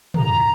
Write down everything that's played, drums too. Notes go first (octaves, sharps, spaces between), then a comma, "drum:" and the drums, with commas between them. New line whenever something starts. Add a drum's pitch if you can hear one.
A#5, drum: tom